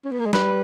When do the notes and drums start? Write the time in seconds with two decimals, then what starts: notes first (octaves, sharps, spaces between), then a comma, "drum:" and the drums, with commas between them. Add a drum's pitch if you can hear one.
0.05 C#4
0.12 B3
0.19 A#3
0.26 G#3
0.33 G3 B4, drum: snare